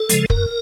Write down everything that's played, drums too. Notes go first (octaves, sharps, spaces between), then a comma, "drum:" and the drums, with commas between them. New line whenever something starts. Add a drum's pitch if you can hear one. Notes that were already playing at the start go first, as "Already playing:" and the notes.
Already playing: A4
C#3 F3 G#3, drum: hi-hat
F#2 A#4, drum: kick